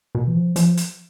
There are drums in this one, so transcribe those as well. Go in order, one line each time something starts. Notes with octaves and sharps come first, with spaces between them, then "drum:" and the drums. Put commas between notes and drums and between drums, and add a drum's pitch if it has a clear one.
B2
E3
F3
F3, drum: hi-hat
drum: hi-hat